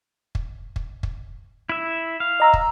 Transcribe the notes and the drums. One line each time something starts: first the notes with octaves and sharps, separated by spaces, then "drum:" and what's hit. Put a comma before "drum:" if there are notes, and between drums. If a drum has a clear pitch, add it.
drum: kick
drum: kick
drum: kick
E4 E5
F5
D#5 A#5 E6
drum: kick